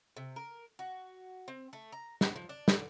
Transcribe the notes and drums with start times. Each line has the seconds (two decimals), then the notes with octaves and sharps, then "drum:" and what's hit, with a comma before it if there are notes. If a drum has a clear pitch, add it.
0.17 C3
0.36 A#4
0.79 F#4
1.48 C4
1.73 A3
1.92 A#5
2.21 B3, drum: snare
2.36 F3
2.49 D4
2.68 D3, drum: snare